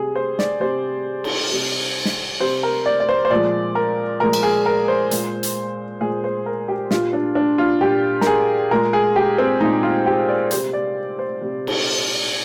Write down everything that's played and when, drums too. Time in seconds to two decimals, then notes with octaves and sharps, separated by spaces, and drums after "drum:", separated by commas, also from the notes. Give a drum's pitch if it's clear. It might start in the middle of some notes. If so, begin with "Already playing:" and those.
Already playing: C3 G3 G#4
0.16 C5
0.39 D5, drum: snare
0.60 C3 G3 C5
1.24 drum: cymbal
1.51 C3 G3
2.05 drum: snare
2.40 C3 G3 C5
2.63 A#4
2.86 D5
3.00 D5
3.09 C5
3.25 C5
3.31 A#2 F3 G#3 D5
3.75 A#4
4.20 A#2 F3 G#3 A#4
4.33 drum: cymbal
4.43 G#4
4.66 A#4
4.88 C5
5.11 A#2 G#3, drum: hi-hat
5.43 drum: hi-hat
6.01 A#2 G#3 G#4
6.24 C5
6.46 A#4
6.68 G4
6.91 A#2 G3 F4, drum: snare
7.13 D4
7.35 D4
7.58 F4
7.81 A#2 G3 G4
8.21 A#4, drum: snare
8.27 G#4
8.71 A#2 G#3 A#4
8.93 G#4
9.16 G4
9.38 C4
9.61 A#2 G#3 D#4
9.83 F4
10.06 G4
10.29 D5
10.51 C3 G3 C5, drum: hi-hat
10.73 D5
11.19 C5
11.41 C3 G3
11.67 drum: cymbal